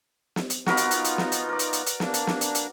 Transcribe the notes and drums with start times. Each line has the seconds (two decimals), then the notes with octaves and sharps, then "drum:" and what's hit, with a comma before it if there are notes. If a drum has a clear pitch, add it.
0.36 drum: snare
0.50 drum: hi-hat
0.66 B3 D#4 F4 F#4 A#4 B4, drum: snare
0.77 drum: hi-hat
0.91 drum: hi-hat
1.04 drum: hi-hat
1.18 drum: snare
1.32 drum: hi-hat
1.49 A#4 D5
1.59 drum: hi-hat
1.73 drum: hi-hat
1.86 drum: hi-hat
2.00 A#3 D4, drum: snare
2.14 drum: hi-hat
2.27 drum: snare
2.41 drum: hi-hat
2.55 drum: hi-hat